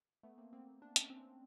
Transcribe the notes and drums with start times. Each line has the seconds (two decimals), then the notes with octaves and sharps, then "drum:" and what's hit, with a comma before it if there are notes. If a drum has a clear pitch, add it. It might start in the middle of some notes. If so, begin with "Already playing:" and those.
0.23 A3 B3
0.38 A#3 C4
0.53 A#3 C4
0.82 D4
0.96 C#4, drum: hi-hat
1.09 C4 D4